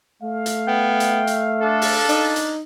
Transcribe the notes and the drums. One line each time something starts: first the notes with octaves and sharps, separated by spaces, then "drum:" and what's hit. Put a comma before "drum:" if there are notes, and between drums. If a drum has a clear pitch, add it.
A3 F5
drum: hi-hat
B3 G5
drum: hi-hat
drum: hi-hat
D4 A4
drum: open hi-hat
D#4, drum: hi-hat
drum: hi-hat